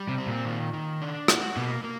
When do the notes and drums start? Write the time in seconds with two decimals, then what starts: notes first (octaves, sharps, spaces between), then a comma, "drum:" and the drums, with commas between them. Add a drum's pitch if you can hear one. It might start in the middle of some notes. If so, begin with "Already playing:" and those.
Already playing: G3
0.09 C3
0.18 C4
0.27 A#2
0.45 D#3
0.73 D#3
1.02 D4
1.28 F#4, drum: rim click
1.57 B2 A#3
1.84 A#3